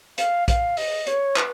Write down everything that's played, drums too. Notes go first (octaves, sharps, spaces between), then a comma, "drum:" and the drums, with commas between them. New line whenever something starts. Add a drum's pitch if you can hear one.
F5, drum: hi-hat
F5, drum: kick A#1, hi-hat
D#5, drum: open hi-hat
C#5, drum: hi-hat
B4, drum: clap